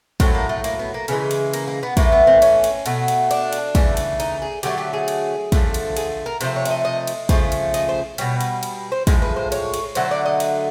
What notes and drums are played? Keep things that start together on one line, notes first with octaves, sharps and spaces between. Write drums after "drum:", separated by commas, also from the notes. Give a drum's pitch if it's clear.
A2 F#3 A3 C4, drum: kick, cymbal
A#3
A3
A#3, drum: cymbal
B3
A#3
C#3 E3 G#3 A#3, drum: cymbal
drum: cymbal
A#3, drum: cymbal
A#3
B3
A2 E3 A3 A#3, drum: kick, cymbal
B3
C4
C#4, drum: cymbal
drum: cymbal
B2 F#3 A3, drum: cymbal
drum: cymbal
D4, drum: cymbal
drum: cymbal
C#3 E3 A3, drum: kick, cymbal
drum: cymbal
D#4, drum: cymbal
G#4
D3 F#3 A3 G4, drum: cymbal
G4
G#4
drum: cymbal
D3 F3 A3, drum: kick, cymbal
drum: cymbal
G#4, drum: cymbal
A#4
C3 F3 A3 C5, drum: cymbal
C#5
E5, drum: cymbal
D#5
D#5
drum: cymbal
C#3 F3 A3, drum: kick, cymbal
drum: cymbal
D#5, drum: cymbal
C5
B2 G3 C#5, drum: cymbal
drum: cymbal
drum: cymbal
C5
A2 F3 G#3, drum: kick, cymbal
B4
C5
C#5, drum: cymbal
drum: cymbal
D3 F#3 A3 C5, drum: cymbal
D5
D#5
drum: cymbal